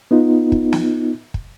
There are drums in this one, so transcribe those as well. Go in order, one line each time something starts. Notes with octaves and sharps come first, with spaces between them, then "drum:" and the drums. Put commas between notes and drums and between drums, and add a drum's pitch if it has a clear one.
B3 D#4 F4
drum: kick
drum: snare
drum: kick